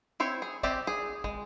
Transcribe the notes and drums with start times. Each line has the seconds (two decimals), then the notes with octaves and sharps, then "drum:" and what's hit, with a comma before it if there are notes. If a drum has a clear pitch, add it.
0.20 C4 E4 C5 C#5
0.42 G#4
0.63 C4 G4 D5 E5 G#5, drum: kick
0.87 G#4
1.24 G#3, drum: kick